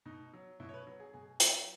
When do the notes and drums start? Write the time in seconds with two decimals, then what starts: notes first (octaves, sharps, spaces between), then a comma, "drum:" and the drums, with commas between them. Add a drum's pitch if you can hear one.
0.06 B2 D#4
0.33 F#3
0.60 B2 E4
0.69 C#5
0.74 B4
0.87 F#3
1.00 G#4
1.13 B2 G#4
1.40 F#3 E4, drum: hi-hat